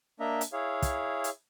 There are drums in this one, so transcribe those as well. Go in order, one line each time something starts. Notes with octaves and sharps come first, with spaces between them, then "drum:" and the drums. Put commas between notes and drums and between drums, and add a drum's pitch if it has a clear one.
A#3 D4 D#5 E5 A#5
drum: hi-hat
E4 G#4 C#5 F5
drum: kick, hi-hat
drum: hi-hat